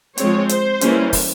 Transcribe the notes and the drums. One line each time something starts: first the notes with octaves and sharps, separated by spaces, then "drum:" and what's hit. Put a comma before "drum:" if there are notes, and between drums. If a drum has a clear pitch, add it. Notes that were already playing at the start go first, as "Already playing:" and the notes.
F3 G#3 C4 C#5, drum: hi-hat
C5, drum: hi-hat
E3 G3 A#3 C#4, drum: hi-hat
drum: kick, open hi-hat